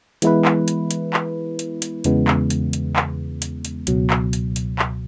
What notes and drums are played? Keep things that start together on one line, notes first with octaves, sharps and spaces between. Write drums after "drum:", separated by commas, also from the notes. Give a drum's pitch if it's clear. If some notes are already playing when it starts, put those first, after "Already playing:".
E3 G#3 B3 E4 B4, drum: hi-hat
drum: clap
drum: hi-hat
drum: hi-hat
drum: clap
drum: hi-hat
drum: hi-hat
E2 C#3 E3 G#3 B3, drum: hi-hat
drum: clap
drum: hi-hat
drum: hi-hat
drum: clap
drum: hi-hat
drum: hi-hat
C#2 B2 F#3, drum: hi-hat
drum: clap
drum: hi-hat
drum: hi-hat
drum: clap